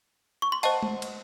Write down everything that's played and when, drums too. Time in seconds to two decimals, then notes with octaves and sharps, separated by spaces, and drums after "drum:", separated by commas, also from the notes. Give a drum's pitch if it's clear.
0.42 C#6
0.52 C6
0.63 C5 D#5 F#5 A5, drum: cymbal
0.83 drum: tom
1.02 drum: cymbal